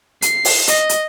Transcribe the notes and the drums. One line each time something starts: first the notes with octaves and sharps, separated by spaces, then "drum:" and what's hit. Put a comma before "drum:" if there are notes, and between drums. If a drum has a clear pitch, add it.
C7, drum: hi-hat
drum: open hi-hat
D#5, drum: hi-hat
drum: hi-hat